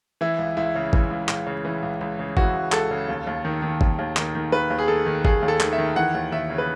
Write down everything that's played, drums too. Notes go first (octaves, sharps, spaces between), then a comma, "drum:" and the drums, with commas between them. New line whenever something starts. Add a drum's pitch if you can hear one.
E3 E4
C#2
C#2 E4
C#3
E3, drum: kick G1
C#2
C#2, drum: clap
C#3
E3
C#2
C#2
C#3
E3 F#4, drum: kick G1
C#2
C#2 A4, drum: clap
C#3
D#2
D#2
D#3
D#3
D#2, drum: kick G1
D#2
D#3, drum: clap
D#3
D#2 B4
D#2
G#4
D#3 A4
D#3
D#2 G#4, drum: kick G1
D#2
A4
D#3, drum: clap
E5
D#3
E3 F#5
D#2
D#2 E5
C#3
B4